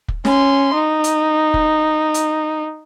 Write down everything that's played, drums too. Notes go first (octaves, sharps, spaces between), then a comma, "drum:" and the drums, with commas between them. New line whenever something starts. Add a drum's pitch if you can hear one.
drum: kick
C#4 C6, drum: snare
D#4
drum: hi-hat
drum: kick
drum: hi-hat